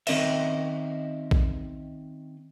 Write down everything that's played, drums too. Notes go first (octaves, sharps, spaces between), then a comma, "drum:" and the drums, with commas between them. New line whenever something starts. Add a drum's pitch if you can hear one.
D#3 C4 C#4 A#4 D#5 E5, drum: cymbal
drum: kick A#1